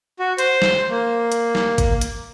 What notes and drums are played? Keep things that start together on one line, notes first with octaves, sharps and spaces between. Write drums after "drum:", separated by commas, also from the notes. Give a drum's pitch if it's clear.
F#4
C5, drum: hi-hat
drum: snare
A#3
drum: hi-hat
drum: snare
drum: kick G#1, hi-hat
drum: hi-hat